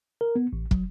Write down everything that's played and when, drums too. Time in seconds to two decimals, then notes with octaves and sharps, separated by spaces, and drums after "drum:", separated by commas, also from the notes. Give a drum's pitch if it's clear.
0.21 A#4
0.36 B3
0.53 A1
0.71 F#3, drum: kick